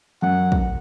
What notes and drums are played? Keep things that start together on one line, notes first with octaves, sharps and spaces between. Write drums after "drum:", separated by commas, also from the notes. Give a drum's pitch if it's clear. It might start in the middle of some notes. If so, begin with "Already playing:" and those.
F#2 F#5
drum: kick